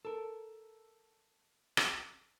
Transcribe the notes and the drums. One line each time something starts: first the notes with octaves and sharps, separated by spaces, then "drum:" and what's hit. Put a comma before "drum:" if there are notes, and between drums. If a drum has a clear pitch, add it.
A4 A#4
drum: rim click